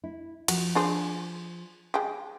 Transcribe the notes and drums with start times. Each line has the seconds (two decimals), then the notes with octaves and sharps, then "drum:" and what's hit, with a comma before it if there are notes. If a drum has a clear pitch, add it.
0.04 E4
0.48 F3 F#4, drum: cymbal
0.75 D4 G#4 C5
1.94 G#3 G4